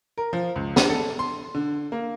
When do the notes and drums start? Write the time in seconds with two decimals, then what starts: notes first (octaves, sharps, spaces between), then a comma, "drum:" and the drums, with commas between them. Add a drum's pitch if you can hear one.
0.18 A#4
0.33 F3
0.56 C#2
0.76 D3, drum: snare
0.90 A4
1.19 C6
1.55 D3
1.92 A#3